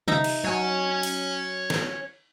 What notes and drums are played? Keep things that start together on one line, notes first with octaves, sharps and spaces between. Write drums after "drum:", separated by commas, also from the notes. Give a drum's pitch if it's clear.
D#4 E5 A#5, drum: tom C3
drum: cymbal
F#3 C#5 G#5
drum: cymbal
drum: snare